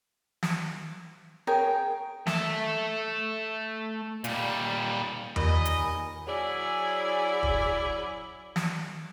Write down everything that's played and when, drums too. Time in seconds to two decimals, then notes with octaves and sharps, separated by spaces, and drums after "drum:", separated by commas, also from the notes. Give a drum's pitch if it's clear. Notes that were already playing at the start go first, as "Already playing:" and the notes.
0.43 drum: snare
1.47 G#4 A#4 C#5 G5
2.27 A3 E5, drum: snare
4.24 A#2 G3, drum: hi-hat
5.36 D#2 A#2 A#4 D#5 G#5 B5, drum: tom E2
5.65 drum: hi-hat
6.27 F#3 C#4 E4 G#4 D5
7.43 drum: kick
8.56 drum: snare